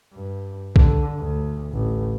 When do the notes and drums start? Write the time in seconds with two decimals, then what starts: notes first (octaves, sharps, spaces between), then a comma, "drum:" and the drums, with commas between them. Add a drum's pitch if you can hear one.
0.13 G2
0.76 D3, drum: kick B1
1.18 D2
1.72 A1